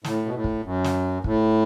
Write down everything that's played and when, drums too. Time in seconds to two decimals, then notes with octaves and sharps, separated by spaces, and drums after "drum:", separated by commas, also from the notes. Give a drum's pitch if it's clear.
0.04 A2, drum: snare
0.26 B2
0.34 A2
0.44 drum: kick
0.64 F#2
0.84 drum: snare
1.24 A2, drum: kick